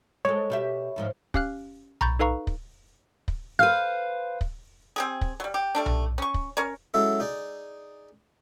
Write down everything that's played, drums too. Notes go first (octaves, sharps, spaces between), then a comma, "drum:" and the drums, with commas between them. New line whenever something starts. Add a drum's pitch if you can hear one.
G#3 A4 C#5
B2 G4 E5
D#2 G#2 F3
C#4 G4 F5 F6 F#6, drum: kick
A#5 B5 C#6 G6 A6, drum: tom B1
D#4 A4 B4 F5 A#5 C#6
drum: kick
drum: kick
B4 C5 F5 F6
drum: kick
C4 G4 G#4
drum: kick
F#3 G3
G4
G3 A3 D4
drum: tom B1
C#4 C#6
drum: kick
C#4 A#4 C#5
F#3 G#3 C#4 E4 A4
D#4 G#4 D5